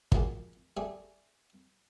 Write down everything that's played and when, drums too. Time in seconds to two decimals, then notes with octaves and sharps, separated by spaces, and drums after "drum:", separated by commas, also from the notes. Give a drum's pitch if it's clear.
0.12 D#3 F3 F#3 G#3 A#3, drum: kick
0.77 G3 A3 G4 G#4